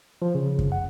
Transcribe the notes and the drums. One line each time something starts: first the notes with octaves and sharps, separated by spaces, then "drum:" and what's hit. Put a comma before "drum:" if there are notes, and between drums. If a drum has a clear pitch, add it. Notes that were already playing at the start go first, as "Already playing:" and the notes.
F3
C#3
drum: kick F#2
F#5